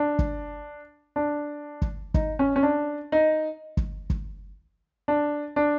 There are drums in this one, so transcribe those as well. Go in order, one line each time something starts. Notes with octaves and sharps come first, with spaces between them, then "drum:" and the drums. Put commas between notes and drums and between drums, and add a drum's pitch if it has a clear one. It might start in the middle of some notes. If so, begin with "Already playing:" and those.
Already playing: D4
drum: kick
D4
drum: kick
D#4, drum: kick
C#4
C#4
D4
D#4
drum: kick
drum: kick
D4
D4